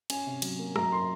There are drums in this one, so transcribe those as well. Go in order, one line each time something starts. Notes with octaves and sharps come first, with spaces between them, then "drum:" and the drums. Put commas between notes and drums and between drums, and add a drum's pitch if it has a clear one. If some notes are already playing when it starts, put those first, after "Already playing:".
C#4 G#5, drum: cymbal
C3
F#3, drum: cymbal
A#3
F#2 A#5, drum: rim click
C6